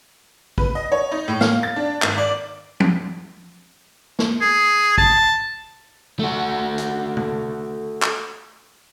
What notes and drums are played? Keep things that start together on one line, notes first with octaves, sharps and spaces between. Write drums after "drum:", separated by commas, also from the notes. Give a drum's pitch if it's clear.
B4, drum: kick
D#5
C#5
D#4
A2
F5, drum: snare
A6
D4
G#1, drum: clap
D5
drum: tom
drum: snare
G#4
A5, drum: kick
A3 F#4
drum: hi-hat
drum: tom
drum: clap